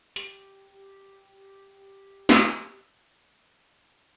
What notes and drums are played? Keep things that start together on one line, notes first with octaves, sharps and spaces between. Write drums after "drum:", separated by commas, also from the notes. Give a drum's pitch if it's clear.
G4, drum: hi-hat
drum: snare